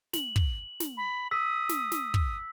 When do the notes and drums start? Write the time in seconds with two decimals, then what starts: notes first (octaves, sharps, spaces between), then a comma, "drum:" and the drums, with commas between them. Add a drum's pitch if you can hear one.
0.13 F#7, drum: snare
0.36 drum: kick
0.80 drum: snare
0.97 B5
1.31 D#6 E6 B6
1.69 drum: snare
1.92 drum: snare
2.14 drum: kick